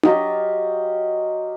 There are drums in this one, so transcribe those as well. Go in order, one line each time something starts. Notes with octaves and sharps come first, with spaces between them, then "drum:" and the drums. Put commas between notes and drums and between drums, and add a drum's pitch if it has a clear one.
F#3 F4 G4 D#5, drum: tom D4